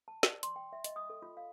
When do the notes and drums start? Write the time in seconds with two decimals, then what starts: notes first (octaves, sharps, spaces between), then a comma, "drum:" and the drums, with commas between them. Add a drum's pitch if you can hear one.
0.08 A5
0.23 D5, drum: snare
0.43 C6, drum: hi-hat
0.56 G5
0.73 E5
0.84 D#5, drum: hi-hat
0.96 D#6
1.10 A4
1.22 F4
1.37 F5